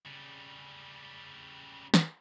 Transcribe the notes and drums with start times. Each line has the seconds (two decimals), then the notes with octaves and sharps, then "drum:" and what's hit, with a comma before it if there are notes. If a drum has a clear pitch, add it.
0.06 C#3 G3
1.94 drum: snare